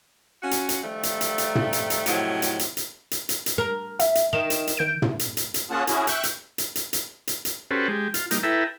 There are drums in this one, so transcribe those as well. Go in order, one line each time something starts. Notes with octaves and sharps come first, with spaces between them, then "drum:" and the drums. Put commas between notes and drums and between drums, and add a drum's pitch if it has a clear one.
C#4 F4 F#4
drum: hi-hat
drum: hi-hat
D#3 F3 G3 A3
drum: hi-hat
drum: hi-hat
drum: hi-hat
drum: tom
drum: hi-hat
drum: hi-hat
A2 C3 D#3 F3 F#3, drum: hi-hat
drum: hi-hat
drum: hi-hat
drum: hi-hat
drum: hi-hat
drum: hi-hat
drum: hi-hat
A#4
E5, drum: hi-hat
drum: hi-hat
D#3 E7
drum: hi-hat
drum: hi-hat
D#3 G6 D7
drum: tom
drum: hi-hat
drum: hi-hat
drum: hi-hat
A#3 C#4 F4 G#4 F#5 A5
C#4 E4 F#4 G#4, drum: hi-hat
E5 G5 C#6 F#6, drum: hi-hat
drum: hi-hat
drum: hi-hat
drum: hi-hat
drum: hi-hat
drum: hi-hat
drum: hi-hat
C#4 F#4 G4 A4 B4 C5
G#3 G4
F4, drum: hi-hat
G3 A#3 D#4, drum: hi-hat
E4 A4 B4 E5 G5 A#5